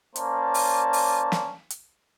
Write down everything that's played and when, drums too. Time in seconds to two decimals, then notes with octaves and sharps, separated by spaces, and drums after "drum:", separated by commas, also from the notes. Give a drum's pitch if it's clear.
0.16 A#3 C#4 C5 D5 A5, drum: hi-hat
0.54 drum: open hi-hat
0.93 drum: open hi-hat
1.32 drum: snare
1.70 drum: hi-hat